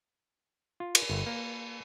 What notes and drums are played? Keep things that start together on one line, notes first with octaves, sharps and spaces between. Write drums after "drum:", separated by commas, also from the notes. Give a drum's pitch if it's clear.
F4
drum: cymbal
G1
A#3